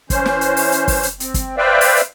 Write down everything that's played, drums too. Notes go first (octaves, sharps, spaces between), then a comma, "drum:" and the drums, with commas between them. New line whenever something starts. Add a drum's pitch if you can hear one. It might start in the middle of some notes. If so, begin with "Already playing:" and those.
E3 C#4 C5, drum: kick, hi-hat
drum: snare
drum: hi-hat
drum: open hi-hat
drum: hi-hat
drum: kick, open hi-hat
drum: hi-hat
C4, drum: hi-hat
drum: kick, hi-hat
B4 C5 D5 E5 F5 G5
drum: open hi-hat
drum: hi-hat